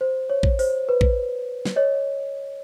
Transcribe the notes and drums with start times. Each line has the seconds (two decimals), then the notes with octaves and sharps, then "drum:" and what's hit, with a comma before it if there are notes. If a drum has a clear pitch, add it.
0.01 C5
0.30 C#5
0.43 drum: kick
0.59 C5, drum: open hi-hat
0.89 B4
1.01 drum: kick
1.65 drum: snare
1.76 C#5 D#5